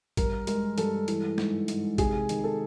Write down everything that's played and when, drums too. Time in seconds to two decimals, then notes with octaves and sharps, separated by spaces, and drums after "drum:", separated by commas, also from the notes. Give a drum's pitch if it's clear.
0.17 G2 A#4, drum: kick, hi-hat
0.47 G#3 A#4, drum: hi-hat
0.78 G2 A4, drum: hi-hat
1.08 E3, drum: hi-hat
1.38 G#2, drum: snare
1.68 G#2, drum: hi-hat
1.98 C3 G#4, drum: kick, hi-hat
2.29 D#3, drum: hi-hat
2.44 A4